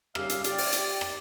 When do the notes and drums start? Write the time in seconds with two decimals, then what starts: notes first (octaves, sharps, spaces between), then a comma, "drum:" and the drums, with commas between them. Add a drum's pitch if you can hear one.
0.15 D#2 C#3 G3 G4 E5 F5, drum: rim click
0.29 drum: hi-hat
0.44 G4 D5, drum: hi-hat
0.58 drum: open hi-hat
0.72 drum: hi-hat
1.01 drum: rim click